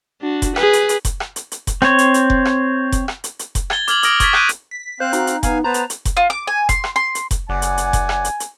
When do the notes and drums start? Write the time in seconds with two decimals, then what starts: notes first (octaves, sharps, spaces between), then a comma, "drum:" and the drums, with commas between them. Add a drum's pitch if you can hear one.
0.21 D4 F#4
0.42 drum: kick F1, hi-hat
0.56 G#4 B4, drum: rim click
0.73 drum: hi-hat
0.89 drum: hi-hat
1.05 drum: kick F1, hi-hat
1.20 drum: rim click
1.36 drum: hi-hat
1.52 drum: hi-hat
1.67 drum: kick F1, hi-hat
1.82 C4 C#5, drum: rim click
1.98 drum: hi-hat
2.14 drum: hi-hat
2.30 drum: kick F1
2.45 drum: rim click
2.92 drum: kick F1, hi-hat
3.08 drum: rim click
3.24 drum: hi-hat
3.39 drum: hi-hat
3.55 drum: kick F1, hi-hat
3.70 G#6 A6 G7, drum: rim click
3.88 D6 F6 G#6 F#7, drum: hi-hat
4.03 D6 D#6 F6 A#6 D7 G7, drum: hi-hat
4.20 C#6 D6 G#6 A6 B6, drum: kick F1, hi-hat
4.33 D#6 F#6 G6 D7 D#7, drum: rim click
4.49 drum: hi-hat
4.71 B6
5.00 C4 C5 F5 F#6
5.13 D#4 F#4, drum: hi-hat
5.27 drum: hi-hat
5.43 B3 F5 G#5, drum: kick F1, hi-hat
5.64 B3 B4 C5 A5 A#5
5.74 drum: hi-hat
5.90 drum: hi-hat
6.05 drum: kick F1, hi-hat
6.17 F4
6.30 D6
6.47 G#5
6.69 C6, drum: kick F1, hi-hat
6.84 drum: rim click
6.96 C6
7.15 drum: hi-hat
7.31 drum: kick F1, hi-hat
7.49 F#1 D5 F#5 G#5
7.62 drum: hi-hat
7.78 drum: hi-hat
7.93 drum: kick F1, hi-hat
8.09 drum: rim click
8.25 drum: hi-hat
8.40 drum: hi-hat